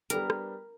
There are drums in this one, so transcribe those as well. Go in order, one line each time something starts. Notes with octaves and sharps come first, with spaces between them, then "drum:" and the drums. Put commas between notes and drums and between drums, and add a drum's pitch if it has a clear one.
G3 B3 D4 G4 A#4, drum: hi-hat
drum: rim click